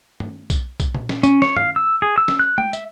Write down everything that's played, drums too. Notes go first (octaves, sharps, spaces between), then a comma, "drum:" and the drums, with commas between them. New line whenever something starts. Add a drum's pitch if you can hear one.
drum: tom
drum: kick B1, tambourine
drum: kick B1, tambourine
drum: tom A#2
drum: snare
C#4, drum: tambourine
C#5, drum: snare
F5, drum: tom
E6
G#4
E6
drum: snare
F#6
G5, drum: tom
E5, drum: tambourine